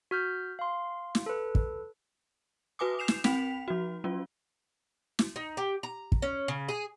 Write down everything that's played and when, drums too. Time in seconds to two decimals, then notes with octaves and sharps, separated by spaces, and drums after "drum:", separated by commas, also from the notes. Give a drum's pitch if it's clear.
0.11 F#4 F6 G6
0.59 F5 C6
1.15 drum: snare
1.26 A4 B4
1.55 drum: kick
2.79 F#4 B4 G#5 D6 D#6
2.99 G6 C7 E7 F7
3.08 drum: snare
3.24 C4 G5 B6 F7, drum: snare
3.68 F3 F#4
4.04 F#3 C#4 F4
5.19 drum: snare
5.36 D#4
5.57 G4
5.83 A#5
6.12 drum: kick
6.22 C#4
6.48 C#3
6.69 G#4